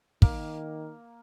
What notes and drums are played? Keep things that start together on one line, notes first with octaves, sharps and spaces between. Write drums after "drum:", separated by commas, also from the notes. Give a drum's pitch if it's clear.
D#3 A#3, drum: kick